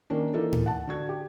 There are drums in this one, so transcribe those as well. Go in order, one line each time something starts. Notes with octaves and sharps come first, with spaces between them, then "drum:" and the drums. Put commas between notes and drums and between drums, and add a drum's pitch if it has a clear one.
D#3 A#3 C#4 D4
E3 A#3 D#4 F4 A4
drum: tom A2
F#5 A5
D3 F#4 G#6
G4